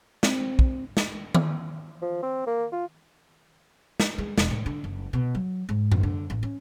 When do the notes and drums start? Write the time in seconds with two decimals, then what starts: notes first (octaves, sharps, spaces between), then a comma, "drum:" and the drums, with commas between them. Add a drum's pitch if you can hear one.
0.23 C4, drum: snare
0.59 drum: kick
0.97 drum: snare
1.35 drum: tom D#3
2.02 F3
2.23 C4
2.47 A#3
2.72 F4
4.00 drum: snare
4.18 G#3
4.38 E1, drum: snare
4.51 A2
4.66 D3
4.84 F#1
5.13 B2
5.35 F#3
5.69 G#2
5.92 G#1, drum: tom F#2
6.03 D3
6.30 A1
6.43 C#4